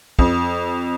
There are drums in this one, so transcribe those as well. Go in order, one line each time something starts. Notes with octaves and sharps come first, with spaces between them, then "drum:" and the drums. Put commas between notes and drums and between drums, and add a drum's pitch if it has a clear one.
F2, drum: kick